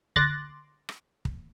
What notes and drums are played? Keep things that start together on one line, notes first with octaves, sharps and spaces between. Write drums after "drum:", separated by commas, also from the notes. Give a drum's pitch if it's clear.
D3 C6 D6 F#6 A6 A#6, drum: kick
drum: rim click
drum: kick